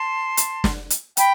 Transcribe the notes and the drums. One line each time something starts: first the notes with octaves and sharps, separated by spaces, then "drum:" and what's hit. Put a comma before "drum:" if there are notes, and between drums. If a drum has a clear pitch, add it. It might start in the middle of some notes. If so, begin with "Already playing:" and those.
Already playing: A5 C6
drum: hi-hat
drum: snare
drum: hi-hat
G5 B5, drum: hi-hat